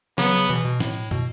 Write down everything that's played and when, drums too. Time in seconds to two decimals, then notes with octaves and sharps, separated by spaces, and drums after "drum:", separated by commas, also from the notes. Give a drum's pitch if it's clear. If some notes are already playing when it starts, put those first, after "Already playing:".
0.18 C#3 F#3 B3, drum: snare
0.49 B2 E3
0.65 B2
0.80 A2, drum: snare
1.11 B2, drum: tom